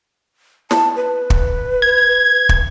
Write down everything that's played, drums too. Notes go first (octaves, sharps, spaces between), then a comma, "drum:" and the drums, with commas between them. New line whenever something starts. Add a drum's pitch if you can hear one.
A5, drum: snare
B4
drum: kick
G#6
drum: kick